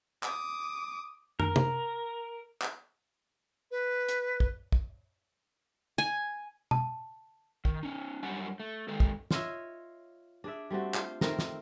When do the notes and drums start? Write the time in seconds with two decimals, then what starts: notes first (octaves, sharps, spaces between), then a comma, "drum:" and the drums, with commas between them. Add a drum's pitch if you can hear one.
0.23 D6 D#6, drum: clap
1.40 A#4, drum: tom
1.56 drum: tom
2.61 drum: clap
3.71 B4
4.08 drum: hi-hat
4.40 drum: kick
4.72 drum: kick
5.98 G#5
6.71 A5, drum: tom B2
7.65 D#3, drum: kick
7.83 C#4 D#4
8.23 F#2 G3 F#5 G#5
8.60 A3
8.88 D#3 G#3 A4
9.00 drum: kick
9.31 F4 C#5 D#5 E5, drum: snare
10.44 D4 G#4 D5 E5
10.70 G3 A3 C4 F#4
10.94 F4 C5, drum: clap
11.21 D#3 A3 C4 A#4, drum: snare
11.39 drum: snare